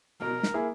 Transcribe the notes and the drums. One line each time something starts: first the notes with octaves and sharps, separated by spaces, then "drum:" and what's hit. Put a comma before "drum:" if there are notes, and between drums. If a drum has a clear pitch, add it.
B2 A#4
drum: snare
A#3 E4 G#4